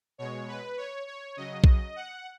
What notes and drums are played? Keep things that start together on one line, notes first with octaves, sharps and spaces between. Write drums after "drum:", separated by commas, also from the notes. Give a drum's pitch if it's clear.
B2 G#3 C#5
B4
C#5
C#5
C#3 F#3 D#5
drum: kick B1
F#5